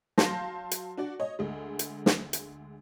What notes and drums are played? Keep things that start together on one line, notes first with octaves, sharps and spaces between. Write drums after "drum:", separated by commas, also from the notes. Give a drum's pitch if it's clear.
F#3 F5 A5 C6 G6 A#6, drum: snare
drum: hi-hat
D4 F#4 D5
C#5 D#5
D2 D3 G#3
drum: hi-hat
drum: snare
drum: hi-hat